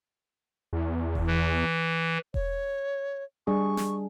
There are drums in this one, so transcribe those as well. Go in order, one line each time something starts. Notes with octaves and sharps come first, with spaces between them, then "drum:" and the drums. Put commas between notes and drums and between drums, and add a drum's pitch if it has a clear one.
E2
drum: kick E1
E3
C#5, drum: kick E1
G3 D4 G#4 C#6
drum: snare